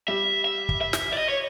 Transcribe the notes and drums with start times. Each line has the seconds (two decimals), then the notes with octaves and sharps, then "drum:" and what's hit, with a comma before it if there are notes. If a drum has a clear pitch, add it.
0.08 G3 E5
0.45 E5
0.69 drum: kick
0.81 E5
0.93 drum: snare
1.13 D5
1.18 D#5
1.29 C#5